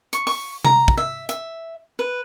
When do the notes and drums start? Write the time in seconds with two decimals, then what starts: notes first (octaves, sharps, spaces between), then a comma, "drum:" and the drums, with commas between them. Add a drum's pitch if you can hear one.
0.13 C#6, drum: hi-hat
0.27 C#6, drum: open hi-hat
0.64 A#5, drum: tom C3
0.88 drum: kick
0.97 E5
1.29 E5, drum: hi-hat
1.99 B4